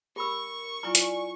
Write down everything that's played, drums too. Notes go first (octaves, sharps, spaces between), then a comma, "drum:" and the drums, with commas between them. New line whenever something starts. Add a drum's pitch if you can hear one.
G4 A#4 B5 C#6 E6
F#3 E4 F4 D5 G#5 A#5
drum: hi-hat